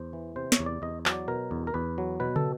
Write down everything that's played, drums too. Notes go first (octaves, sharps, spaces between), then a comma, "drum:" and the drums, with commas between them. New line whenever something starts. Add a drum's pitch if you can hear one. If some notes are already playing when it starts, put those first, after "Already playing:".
Already playing: E2 C5
E3
C3 C5
C#5, drum: snare
E2
D5
E2 D#5
F#3, drum: clap
D5
B2 A#4
E2
A#4
E2 B4
F#3
B2 B4
A4, drum: tom